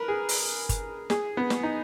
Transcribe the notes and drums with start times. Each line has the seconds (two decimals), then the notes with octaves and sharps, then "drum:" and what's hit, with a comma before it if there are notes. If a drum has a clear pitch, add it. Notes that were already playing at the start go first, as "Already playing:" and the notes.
Already playing: A#4 B4
0.08 G#4
0.29 drum: open hi-hat
0.69 drum: kick G1, hi-hat
1.10 G#4, drum: snare
1.37 B3
1.50 drum: snare
1.63 D#4